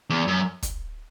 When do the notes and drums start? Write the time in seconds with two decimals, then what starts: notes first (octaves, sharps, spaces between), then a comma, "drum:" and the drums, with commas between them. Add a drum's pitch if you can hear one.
0.10 E2
0.27 F#2
0.63 drum: kick, hi-hat